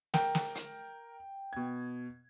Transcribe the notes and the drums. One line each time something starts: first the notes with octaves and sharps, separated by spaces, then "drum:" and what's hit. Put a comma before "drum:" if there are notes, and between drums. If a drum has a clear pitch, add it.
A#4 G5, drum: snare
drum: snare
drum: hi-hat
B2 G#6